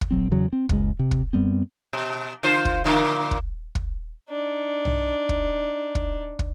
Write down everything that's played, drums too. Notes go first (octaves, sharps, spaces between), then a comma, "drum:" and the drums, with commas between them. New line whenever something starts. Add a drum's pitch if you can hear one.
drum: kick
A#1 F2 F#3 C4
E2 C#3 F#3
C4
F#1 C#2 G#3, drum: kick
C3
drum: kick
F#2 G3 B3 C4
B2
D3 F4 C5
drum: kick
A#2 D3 A#3
drum: kick
drum: kick
D4 D#4
drum: tom
drum: kick
drum: kick
drum: kick